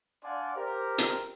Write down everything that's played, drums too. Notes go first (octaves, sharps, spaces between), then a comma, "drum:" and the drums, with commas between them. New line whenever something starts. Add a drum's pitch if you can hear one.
D4 D5 F5 F#5 G#5 C6
G4 A#4 C5
drum: hi-hat